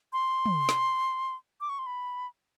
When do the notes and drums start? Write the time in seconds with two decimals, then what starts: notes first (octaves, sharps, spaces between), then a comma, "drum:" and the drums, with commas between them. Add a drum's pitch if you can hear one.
0.13 C6
0.46 drum: tom
0.69 drum: snare
1.61 D6
1.69 C#6
1.79 C6
1.86 B5